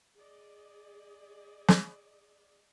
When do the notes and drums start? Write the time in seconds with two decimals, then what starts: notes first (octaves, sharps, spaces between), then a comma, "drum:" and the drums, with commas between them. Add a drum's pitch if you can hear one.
0.16 G#4 D5 D#5
1.68 drum: snare